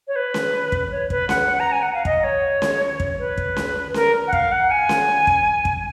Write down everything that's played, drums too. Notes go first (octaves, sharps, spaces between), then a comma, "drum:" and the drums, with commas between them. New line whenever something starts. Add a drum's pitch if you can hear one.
C#5
B4
drum: snare C#4
drum: kick
C#5
B4, drum: kick
F#5, drum: snare C#4
A#5
G#5
F#5
F5
D#5, drum: kick
C#5
drum: snare C#4
drum: kick
B4
drum: kick
drum: snare C#4
A#4, drum: snare C#4
F#5
F5, drum: kick
F#5
G#5
drum: snare C#4
drum: kick
drum: kick